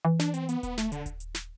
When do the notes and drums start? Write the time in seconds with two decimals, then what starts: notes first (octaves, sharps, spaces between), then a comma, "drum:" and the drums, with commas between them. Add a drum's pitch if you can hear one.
0.05 E3
0.19 D4, drum: snare
0.34 C4, drum: hi-hat
0.49 B3, drum: hi-hat
0.63 B3, drum: kick D#1, hi-hat
0.77 A3, drum: snare
0.92 D3, drum: hi-hat
1.06 drum: kick D#1, hi-hat
1.20 drum: hi-hat
1.35 drum: snare